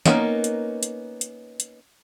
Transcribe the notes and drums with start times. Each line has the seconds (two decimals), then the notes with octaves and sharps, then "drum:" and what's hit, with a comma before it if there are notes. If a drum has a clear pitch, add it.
0.06 A#3 B3 C#4 D#4, drum: snare
0.44 drum: hi-hat
0.83 drum: hi-hat
1.21 drum: hi-hat
1.60 drum: hi-hat